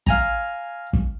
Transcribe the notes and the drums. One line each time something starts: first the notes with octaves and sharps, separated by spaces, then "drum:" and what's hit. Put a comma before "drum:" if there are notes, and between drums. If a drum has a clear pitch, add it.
F5 G#5 A#5, drum: kick
drum: kick